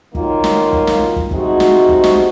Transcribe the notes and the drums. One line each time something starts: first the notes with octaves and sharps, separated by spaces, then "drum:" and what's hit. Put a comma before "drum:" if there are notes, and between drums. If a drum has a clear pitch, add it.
D#3 F#3 A#3 F4, drum: kick
drum: snare
drum: kick
drum: snare
drum: kick
C3 F3 G#3 D#4 F#4, drum: kick
drum: snare
drum: kick
drum: snare